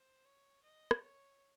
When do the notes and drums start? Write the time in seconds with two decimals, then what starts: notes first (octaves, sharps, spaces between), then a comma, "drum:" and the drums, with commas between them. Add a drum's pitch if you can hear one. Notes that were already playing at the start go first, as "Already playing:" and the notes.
Already playing: C5
0.25 C#5
0.63 D#5
0.91 drum: rim click
1.01 C#5